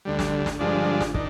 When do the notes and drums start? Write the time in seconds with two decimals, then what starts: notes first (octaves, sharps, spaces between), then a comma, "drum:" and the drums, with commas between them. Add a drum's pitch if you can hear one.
0.05 D2 D3 G3
0.19 drum: snare
0.46 drum: snare
0.59 G2 D3 F3 G#3 D4
1.01 drum: snare
1.14 D#3 D4, drum: kick